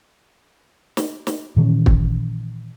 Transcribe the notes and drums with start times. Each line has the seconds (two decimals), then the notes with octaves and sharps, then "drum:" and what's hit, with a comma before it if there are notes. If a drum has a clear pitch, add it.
0.97 drum: snare
1.27 drum: snare
1.56 A#2 D#3 E3 C#4
1.86 drum: kick